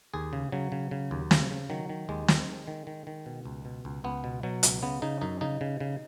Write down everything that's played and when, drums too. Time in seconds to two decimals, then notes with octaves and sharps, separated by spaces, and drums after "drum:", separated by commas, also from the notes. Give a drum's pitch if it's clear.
0.14 D#2 G#4
0.33 C#3
0.52 C#3 F#3
0.72 C#3
0.91 C#3
1.11 D#2
1.31 C#3, drum: snare
1.50 C#3
1.70 D#3 F#3
1.89 D#3
2.09 D#2 G#3
2.28 D#3, drum: snare
2.48 D#3
2.68 D#3
2.87 D#3
3.07 D#3
3.26 B2
3.45 C#2
3.65 B2
3.85 C#2
4.04 C#2 B3
4.24 B2
4.43 B2 F#3
4.63 C#2, drum: hi-hat
4.82 C#3 B3
5.02 C#3 D#4
5.21 F#2 D#4
5.41 C#3 D#4
5.61 C#3
5.80 C#3